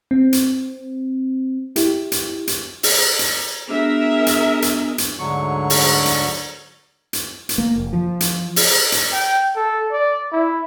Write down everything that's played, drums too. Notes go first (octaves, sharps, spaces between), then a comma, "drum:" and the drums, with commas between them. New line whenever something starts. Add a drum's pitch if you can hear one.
C4
drum: hi-hat
E4 G4, drum: hi-hat
drum: hi-hat
drum: hi-hat
drum: open hi-hat
drum: hi-hat
B3 D4 F#4 G#4 A#4 E5
drum: hi-hat
drum: hi-hat
drum: hi-hat
D2 G#2 D3 F#3 C#6
drum: open hi-hat
drum: hi-hat
drum: hi-hat
drum: hi-hat
A#3
F1
F3
drum: hi-hat
drum: open hi-hat
drum: hi-hat
G5
A4
D5
E4